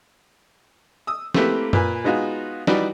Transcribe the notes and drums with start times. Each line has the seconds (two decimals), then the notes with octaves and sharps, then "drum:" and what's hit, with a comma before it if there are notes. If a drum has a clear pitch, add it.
1.07 D#6 E6
1.34 A3 A#3 C4 E4 G4 B4, drum: snare
1.73 A#2 B4 G#5, drum: tom F#2
2.04 G#3 B3 D#4 F4 F#4 G#4
2.67 E3 G3 D#4 F#4 B4 D5, drum: snare